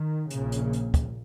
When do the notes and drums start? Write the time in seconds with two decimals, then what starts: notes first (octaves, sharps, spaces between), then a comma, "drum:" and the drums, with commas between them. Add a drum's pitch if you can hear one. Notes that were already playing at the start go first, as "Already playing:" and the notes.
Already playing: D#3
0.30 A#1 A#2 C#3, drum: hi-hat
0.52 drum: hi-hat
0.73 drum: hi-hat
0.94 drum: kick, hi-hat